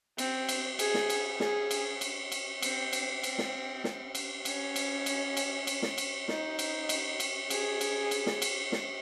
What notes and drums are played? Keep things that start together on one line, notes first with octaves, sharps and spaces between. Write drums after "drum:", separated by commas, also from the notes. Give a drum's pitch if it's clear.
C4, drum: cymbal
drum: cymbal
G#4, drum: cymbal
drum: snare
drum: cymbal
G#4, drum: snare
drum: cymbal
drum: cymbal
drum: cymbal
C4, drum: cymbal
drum: cymbal
C4, drum: cymbal
drum: snare
drum: snare
drum: cymbal
C#4, drum: cymbal
drum: cymbal
drum: cymbal
drum: cymbal
drum: cymbal
drum: snare
drum: cymbal
D#4, drum: snare
drum: cymbal
drum: cymbal
drum: cymbal
G#4, drum: cymbal
drum: cymbal
drum: cymbal
drum: snare
drum: cymbal
drum: snare